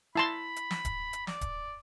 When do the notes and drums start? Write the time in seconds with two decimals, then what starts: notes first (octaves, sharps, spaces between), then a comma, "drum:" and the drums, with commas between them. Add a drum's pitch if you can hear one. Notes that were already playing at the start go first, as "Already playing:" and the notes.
0.16 E4 A5 B5 C6
0.56 drum: hi-hat
0.71 drum: snare
0.85 drum: kick D1, hi-hat
1.13 drum: hi-hat
1.27 D5, drum: snare
1.41 drum: kick D1, hi-hat